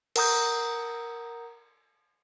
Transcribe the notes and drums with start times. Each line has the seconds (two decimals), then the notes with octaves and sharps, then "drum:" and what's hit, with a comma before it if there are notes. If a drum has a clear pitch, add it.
0.16 A#4 F#5 A#5 D#6 G6, drum: cymbal